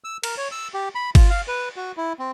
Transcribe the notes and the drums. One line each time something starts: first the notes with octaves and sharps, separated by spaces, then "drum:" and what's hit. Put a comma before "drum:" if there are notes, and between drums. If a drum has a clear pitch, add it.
E6
A#4, drum: cymbal
C#5
E6
G4
B5
F4, drum: kick, cymbal
F5
B4
F#4
E4
C4